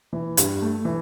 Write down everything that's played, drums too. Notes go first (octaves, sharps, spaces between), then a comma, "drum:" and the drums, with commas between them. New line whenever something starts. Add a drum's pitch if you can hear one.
E3
G2, drum: hi-hat
A3
E3